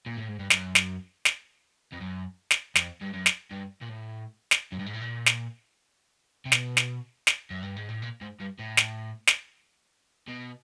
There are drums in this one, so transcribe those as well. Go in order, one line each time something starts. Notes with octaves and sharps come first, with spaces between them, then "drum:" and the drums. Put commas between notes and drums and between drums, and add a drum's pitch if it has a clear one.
A#2
A2
G#2
G2
F#2, drum: snare
drum: snare
drum: snare
F2
F#2
drum: snare
F2, drum: snare
G2
F#2
drum: snare
G2
A#2
A2
drum: snare
F#2
G2
G#2
A2
A#2
drum: snare
C3
B2, drum: snare
drum: snare
drum: snare
F#2
G2
G#2
A2
A#2
G#2
G2
A2
drum: snare
drum: snare
B2